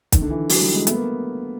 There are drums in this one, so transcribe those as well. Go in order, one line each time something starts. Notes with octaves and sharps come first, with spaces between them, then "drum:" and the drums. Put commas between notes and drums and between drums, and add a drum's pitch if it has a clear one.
D#3, drum: kick, hi-hat
D3
E3
F#3, drum: open hi-hat
G3
G#3
A3, drum: hi-hat
B3
A#3